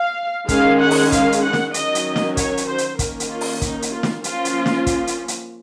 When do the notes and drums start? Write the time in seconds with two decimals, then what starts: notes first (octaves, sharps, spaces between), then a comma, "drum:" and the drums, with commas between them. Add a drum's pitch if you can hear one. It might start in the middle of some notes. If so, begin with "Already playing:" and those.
Already playing: F5
0.48 D#3 G#3 C#4 F5, drum: kick, hi-hat
0.80 F#5
0.91 drum: open hi-hat
1.12 F5, drum: kick, hi-hat
1.32 drum: hi-hat
1.43 F#5
1.53 drum: snare
1.74 D#3 F#3 C#4 D#5, drum: hi-hat
1.95 drum: hi-hat
2.16 drum: snare
2.37 C#5, drum: kick, hi-hat
2.57 drum: hi-hat
2.67 C5
2.78 drum: hi-hat
2.99 D#3 A#3 C#4 A#4, drum: kick, hi-hat
3.20 drum: hi-hat
3.30 F4
3.41 drum: open hi-hat
3.62 D#4, drum: kick, hi-hat
3.82 drum: hi-hat
3.92 F4
4.03 drum: snare
4.24 F3 A#3 C#4 F4, drum: hi-hat
4.45 drum: hi-hat
4.66 drum: snare
4.86 drum: kick, hi-hat
5.07 drum: hi-hat
5.28 drum: hi-hat